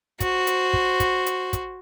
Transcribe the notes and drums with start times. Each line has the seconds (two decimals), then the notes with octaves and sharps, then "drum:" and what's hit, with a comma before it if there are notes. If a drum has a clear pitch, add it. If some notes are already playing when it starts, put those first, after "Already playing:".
0.20 F#4 C5, drum: kick, hi-hat
0.47 drum: hi-hat
0.73 drum: kick
1.00 drum: kick, hi-hat
1.26 drum: hi-hat
1.53 drum: kick, hi-hat